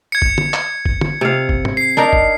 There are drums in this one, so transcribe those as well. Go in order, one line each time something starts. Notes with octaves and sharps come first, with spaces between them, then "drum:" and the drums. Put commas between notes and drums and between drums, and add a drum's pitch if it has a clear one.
G#6 C#7
drum: kick G1
drum: tom
drum: clap
drum: kick G1
drum: tom
C3 F5
drum: kick G1
drum: tom
C7
D4 D#4 A#4
drum: kick G1